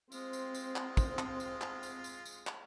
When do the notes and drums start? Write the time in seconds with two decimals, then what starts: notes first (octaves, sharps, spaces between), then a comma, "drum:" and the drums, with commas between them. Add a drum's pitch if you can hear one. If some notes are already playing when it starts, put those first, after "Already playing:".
0.12 G#3 C4 F4, drum: tambourine
0.33 drum: tambourine
0.54 drum: tambourine
0.76 drum: clap
0.97 drum: kick, tambourine
1.19 drum: clap
1.40 drum: tambourine
1.61 drum: clap
1.83 drum: tambourine
2.04 drum: tambourine
2.26 drum: tambourine
2.47 drum: clap